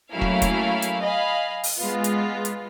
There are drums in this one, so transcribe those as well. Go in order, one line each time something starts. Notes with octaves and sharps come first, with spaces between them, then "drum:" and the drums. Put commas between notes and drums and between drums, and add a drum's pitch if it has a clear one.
F#3 A3 A#3 C#4 E4 F5
drum: kick
drum: kick, hi-hat
drum: hi-hat
D#5 F5 G#5 B5
drum: open hi-hat
G#3 B3 F4
drum: hi-hat
drum: hi-hat